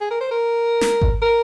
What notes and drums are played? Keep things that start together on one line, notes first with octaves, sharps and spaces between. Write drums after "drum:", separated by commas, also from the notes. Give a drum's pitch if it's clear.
G#4
A#4
C5
A#4
drum: snare
drum: kick G#1
A#4